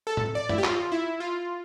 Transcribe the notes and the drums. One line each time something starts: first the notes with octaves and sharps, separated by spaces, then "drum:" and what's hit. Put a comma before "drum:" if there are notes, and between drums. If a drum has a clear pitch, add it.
A4
drum: tom A2
D5
E4, drum: tom F#2
G4
F4, drum: clap
E4
F4